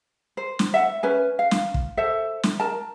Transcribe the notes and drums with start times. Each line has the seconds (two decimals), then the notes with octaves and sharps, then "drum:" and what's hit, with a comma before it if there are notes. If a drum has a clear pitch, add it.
0.37 C5
0.59 drum: snare
0.74 E5 F#5
1.03 C#4 B4 G#5
1.39 F5
1.51 drum: snare
1.74 drum: kick
1.97 A4 C5 E5
2.43 drum: snare
2.60 A#4 A5